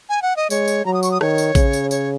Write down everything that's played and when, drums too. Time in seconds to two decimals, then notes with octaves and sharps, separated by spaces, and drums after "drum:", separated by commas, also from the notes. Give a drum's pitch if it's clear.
0.09 G#5
0.22 F#5
0.36 D#5
0.50 G#3 C#5, drum: tambourine
0.68 drum: tambourine
0.85 F#3 A#5
0.94 D#6
1.03 C#6, drum: tambourine
1.11 D#6
1.21 D#3 C#5, drum: rim click
1.38 drum: tambourine
1.55 C#3, drum: kick A1, tambourine
1.73 drum: tambourine
1.91 C#5, drum: tambourine